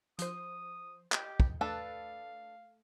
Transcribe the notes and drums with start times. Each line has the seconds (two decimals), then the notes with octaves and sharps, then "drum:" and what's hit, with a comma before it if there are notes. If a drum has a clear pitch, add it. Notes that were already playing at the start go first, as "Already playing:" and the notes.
0.19 F3 C5 D#6, drum: hi-hat
1.12 G4 D#5 G5, drum: clap
1.40 drum: kick
1.61 A3 D4 A4 B4 F5